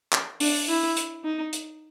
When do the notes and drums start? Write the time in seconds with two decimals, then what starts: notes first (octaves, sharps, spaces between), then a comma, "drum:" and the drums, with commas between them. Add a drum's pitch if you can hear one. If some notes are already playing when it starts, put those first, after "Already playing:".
0.12 drum: clap
0.40 D4, drum: open hi-hat
0.69 E4
0.97 drum: hi-hat
1.25 D#4
1.53 drum: hi-hat